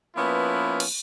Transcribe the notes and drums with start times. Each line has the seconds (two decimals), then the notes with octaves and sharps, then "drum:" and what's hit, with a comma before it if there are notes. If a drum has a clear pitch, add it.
0.16 F3 A#3 B3 C#4 E4 B4
0.80 drum: cymbal